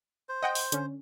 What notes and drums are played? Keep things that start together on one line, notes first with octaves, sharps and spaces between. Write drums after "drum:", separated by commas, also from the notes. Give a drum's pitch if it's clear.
C5
D#5 F#5 G5
drum: open hi-hat
D3 C#4, drum: hi-hat